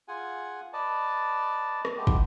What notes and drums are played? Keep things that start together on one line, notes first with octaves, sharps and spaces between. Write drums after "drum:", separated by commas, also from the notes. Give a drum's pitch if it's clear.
F4 G#4 F#5 G#5
B4 D5 D#5 A5
drum: rim click
G#3 A3 B3 G4
drum: kick